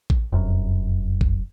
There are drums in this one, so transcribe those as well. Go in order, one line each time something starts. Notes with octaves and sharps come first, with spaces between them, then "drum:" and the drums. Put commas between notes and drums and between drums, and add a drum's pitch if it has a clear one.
drum: kick A1
F1 F#2
drum: kick A1